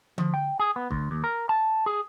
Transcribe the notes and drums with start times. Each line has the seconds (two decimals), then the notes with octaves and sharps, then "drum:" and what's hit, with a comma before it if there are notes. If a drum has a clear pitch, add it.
0.18 F3, drum: tom D3
0.34 G5
0.60 G#4
0.76 B3
0.91 D2, drum: kick
1.11 D#2
1.24 A#4
1.49 A5
1.86 G#4